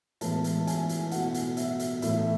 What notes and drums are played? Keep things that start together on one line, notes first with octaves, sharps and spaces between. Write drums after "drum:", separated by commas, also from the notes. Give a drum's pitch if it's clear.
A2 E3 G#3 B3 A5, drum: hi-hat
drum: hi-hat
G#5, drum: hi-hat
drum: hi-hat
B2 A3 F#5, drum: hi-hat
drum: hi-hat
E5, drum: hi-hat
drum: hi-hat
A2 E3 A3 E5, drum: hi-hat